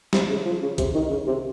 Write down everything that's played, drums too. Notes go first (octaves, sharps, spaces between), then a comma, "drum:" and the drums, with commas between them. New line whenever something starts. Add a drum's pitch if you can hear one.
C3, drum: snare
C#3
F3
C#3
C3, drum: kick, hi-hat
D#3
C#3
C3